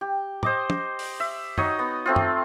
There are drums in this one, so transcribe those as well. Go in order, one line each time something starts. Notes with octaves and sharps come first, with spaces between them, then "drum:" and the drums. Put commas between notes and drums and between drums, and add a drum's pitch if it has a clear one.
G4
C5 D#5 D6, drum: tom
drum: tom
drum: open hi-hat
E5
D#4 F#4 C#5 D#5, drum: tom
B3
A3 C4 F4
drum: tom